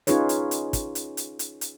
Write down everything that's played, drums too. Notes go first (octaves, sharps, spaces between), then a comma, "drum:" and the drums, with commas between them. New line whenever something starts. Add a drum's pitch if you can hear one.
C#4 D#4 F4 G#4 B4 C#5, drum: hi-hat
drum: hi-hat
drum: hi-hat
drum: kick, hi-hat
drum: hi-hat
drum: hi-hat
drum: hi-hat
drum: hi-hat